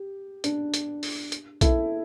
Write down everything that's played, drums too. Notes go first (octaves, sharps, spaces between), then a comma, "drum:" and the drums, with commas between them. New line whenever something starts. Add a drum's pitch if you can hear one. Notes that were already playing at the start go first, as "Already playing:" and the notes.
Already playing: G4
D4, drum: hi-hat
drum: hi-hat
drum: open hi-hat
drum: hi-hat
E4 A4, drum: kick, hi-hat